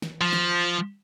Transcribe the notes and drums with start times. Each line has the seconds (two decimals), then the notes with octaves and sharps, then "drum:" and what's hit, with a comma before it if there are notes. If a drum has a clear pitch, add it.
0.02 drum: snare
0.21 F3
0.33 drum: snare